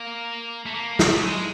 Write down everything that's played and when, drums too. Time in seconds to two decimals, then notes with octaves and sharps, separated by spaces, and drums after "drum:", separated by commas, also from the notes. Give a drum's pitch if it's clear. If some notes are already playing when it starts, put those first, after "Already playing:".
Already playing: A#3
0.66 A3
0.75 A#3
0.99 A3, drum: snare
1.22 G#3